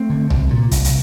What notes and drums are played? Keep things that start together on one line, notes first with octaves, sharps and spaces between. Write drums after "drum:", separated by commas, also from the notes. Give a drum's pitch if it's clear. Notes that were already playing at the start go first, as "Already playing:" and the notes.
Already playing: A3 C4
D3
C2, drum: tom C2
A#2
C2, drum: hi-hat
drum: hi-hat